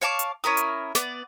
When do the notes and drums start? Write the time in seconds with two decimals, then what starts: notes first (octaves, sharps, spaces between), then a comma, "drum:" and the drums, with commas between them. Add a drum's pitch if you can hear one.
0.01 C#5 F5 A5 D6
0.19 drum: hi-hat
0.44 C#4 E4 A#4 D#6
0.57 drum: hi-hat
0.95 B3 D5, drum: snare